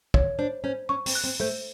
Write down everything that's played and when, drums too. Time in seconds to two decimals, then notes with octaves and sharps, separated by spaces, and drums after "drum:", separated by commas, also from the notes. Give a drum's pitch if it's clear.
0.14 C#5, drum: kick
0.39 D4 C5
0.64 C#4 C5
0.89 C#4 C#6
1.06 C4, drum: open hi-hat
1.15 F#6
1.24 C4
1.40 A3 C5